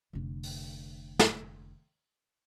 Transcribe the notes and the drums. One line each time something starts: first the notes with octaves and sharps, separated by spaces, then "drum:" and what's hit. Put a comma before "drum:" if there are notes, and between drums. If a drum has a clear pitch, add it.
F1 D3
drum: open hi-hat
drum: snare